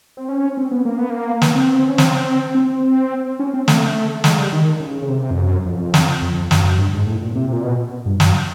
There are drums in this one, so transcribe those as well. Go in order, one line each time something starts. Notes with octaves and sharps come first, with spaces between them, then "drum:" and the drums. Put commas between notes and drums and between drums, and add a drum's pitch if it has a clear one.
C4
C#4
C4
B3
A#3
B3
A#3
B3, drum: snare
C4
C#4
C4, drum: snare
C4
C#4
C4
A3, drum: snare
G#3, drum: snare
G3
D#3
C#3
C#3
C3
F2
F#2
F2
drum: snare
F2
F#2, drum: snare
F#2
G2
G#2
A2
A#2
C3
A#2
B2
G2
F#2, drum: snare